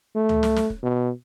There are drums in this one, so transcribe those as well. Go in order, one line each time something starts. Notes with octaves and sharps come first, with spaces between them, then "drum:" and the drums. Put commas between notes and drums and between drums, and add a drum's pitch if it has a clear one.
A3
drum: tom C#2
drum: snare
drum: snare
drum: kick
B2